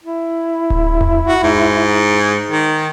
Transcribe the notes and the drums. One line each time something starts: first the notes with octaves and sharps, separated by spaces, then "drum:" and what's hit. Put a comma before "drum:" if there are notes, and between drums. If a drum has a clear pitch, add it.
E4
drum: kick D1
drum: tom E2
F#4
G#2
D#3